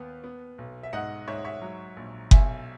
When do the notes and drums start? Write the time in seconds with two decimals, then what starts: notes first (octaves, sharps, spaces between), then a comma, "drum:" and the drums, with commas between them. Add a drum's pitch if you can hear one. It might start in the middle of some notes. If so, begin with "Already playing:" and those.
Already playing: D#2 B3
0.24 B3
0.58 B1
0.83 E5
0.93 G#2 D#5 F#5
1.28 G#2 C#5 E5
1.45 C#5 E5
1.62 F#3
1.97 A#1
2.31 B1 E5 G#5, drum: kick F#1